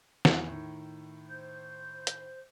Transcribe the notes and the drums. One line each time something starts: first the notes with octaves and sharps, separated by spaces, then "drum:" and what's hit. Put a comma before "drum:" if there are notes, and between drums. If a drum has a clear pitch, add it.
E2, drum: snare
A2 D#3
C5 G6
drum: hi-hat